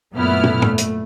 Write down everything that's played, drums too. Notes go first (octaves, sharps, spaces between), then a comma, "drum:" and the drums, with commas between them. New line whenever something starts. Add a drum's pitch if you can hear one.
F#2 A#2 A3 B3 E4 F6
drum: tom
A3, drum: tom
drum: hi-hat